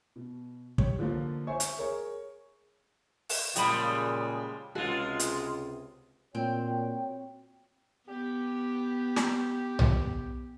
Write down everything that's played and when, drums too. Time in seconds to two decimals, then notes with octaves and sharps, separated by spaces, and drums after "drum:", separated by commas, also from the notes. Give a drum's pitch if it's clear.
0.16 B2
0.78 G4 C#5, drum: kick
0.99 D3 F3 A#3 F4
1.47 C5 C#5 E5 G#5 C#6
1.60 drum: hi-hat
1.77 G#4 A#4 C#5
3.29 drum: open hi-hat
3.56 A#2 C#3 F3 G3 G#3 G5 B5, drum: hi-hat
4.75 C#2 C3 G#3 F4 F#4 A4
5.19 drum: hi-hat
6.35 A#2 C4 F#4 C#5 G5
8.08 B3 G4
9.16 drum: snare
9.79 drum: tom B1